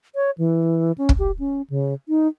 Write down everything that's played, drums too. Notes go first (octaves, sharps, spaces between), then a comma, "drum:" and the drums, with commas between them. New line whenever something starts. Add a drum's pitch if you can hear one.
C#5
E3
C#4
drum: kick
G4
C#4
C#3
D#4